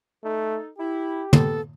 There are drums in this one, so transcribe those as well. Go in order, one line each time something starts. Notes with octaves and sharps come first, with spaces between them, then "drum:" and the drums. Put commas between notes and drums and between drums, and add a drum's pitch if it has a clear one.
A3 D#4 A4
E4 G4
B3 A4, drum: tom